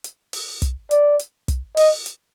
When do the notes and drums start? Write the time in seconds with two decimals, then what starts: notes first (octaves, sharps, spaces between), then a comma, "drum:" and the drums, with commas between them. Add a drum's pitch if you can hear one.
0.04 drum: hi-hat
0.33 drum: open hi-hat
0.62 drum: kick, hi-hat
0.91 D5, drum: hi-hat
1.19 drum: hi-hat
1.48 drum: kick, hi-hat
1.77 D#5, drum: open hi-hat
2.06 drum: hi-hat